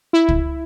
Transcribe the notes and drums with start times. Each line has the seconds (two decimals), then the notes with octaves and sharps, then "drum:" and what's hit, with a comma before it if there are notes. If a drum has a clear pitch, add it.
0.13 E4
0.29 drum: kick